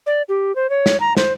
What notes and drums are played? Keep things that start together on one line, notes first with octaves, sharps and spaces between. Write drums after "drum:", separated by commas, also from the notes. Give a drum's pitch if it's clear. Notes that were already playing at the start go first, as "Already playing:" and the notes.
D5
G4
C5
C#5
drum: snare
A#5
C5, drum: snare